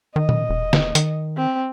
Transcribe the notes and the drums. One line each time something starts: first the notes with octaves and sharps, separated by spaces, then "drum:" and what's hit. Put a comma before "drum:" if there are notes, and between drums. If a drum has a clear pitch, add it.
D#3 D#5
drum: tom A#2
E1
drum: snare
D#3, drum: hi-hat
C4